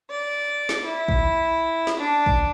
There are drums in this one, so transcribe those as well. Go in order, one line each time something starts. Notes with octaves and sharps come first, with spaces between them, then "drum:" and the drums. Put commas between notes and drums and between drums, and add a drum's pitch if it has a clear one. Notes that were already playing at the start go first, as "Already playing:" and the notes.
D5
drum: snare
E4
drum: kick
drum: snare
D4
drum: kick